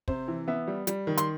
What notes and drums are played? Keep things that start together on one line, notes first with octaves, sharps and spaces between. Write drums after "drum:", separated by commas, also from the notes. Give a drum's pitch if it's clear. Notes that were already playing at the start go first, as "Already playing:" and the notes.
C3 C5, drum: kick
E3
B3 E5
G3
G3, drum: hi-hat
D#3
C6, drum: hi-hat